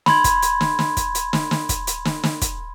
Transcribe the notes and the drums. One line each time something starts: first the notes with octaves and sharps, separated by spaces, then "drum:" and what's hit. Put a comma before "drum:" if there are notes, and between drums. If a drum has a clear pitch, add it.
B5 C6 G#6, drum: snare
drum: kick, hi-hat
drum: hi-hat
drum: snare
drum: snare
drum: kick, hi-hat
drum: hi-hat
drum: snare
drum: snare
drum: kick, hi-hat
drum: hi-hat
drum: snare
drum: snare
drum: kick, hi-hat